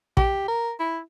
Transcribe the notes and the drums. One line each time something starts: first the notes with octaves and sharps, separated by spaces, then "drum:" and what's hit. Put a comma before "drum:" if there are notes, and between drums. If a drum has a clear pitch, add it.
G4, drum: kick
A#4
E4